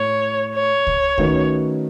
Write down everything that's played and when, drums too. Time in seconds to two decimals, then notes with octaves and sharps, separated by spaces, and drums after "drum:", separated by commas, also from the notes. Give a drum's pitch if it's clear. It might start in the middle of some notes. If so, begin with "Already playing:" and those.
Already playing: A2 C#5
0.55 C#5
0.87 drum: kick C#2
1.18 D#3 A3 C#4 F#4 B4, drum: kick C#2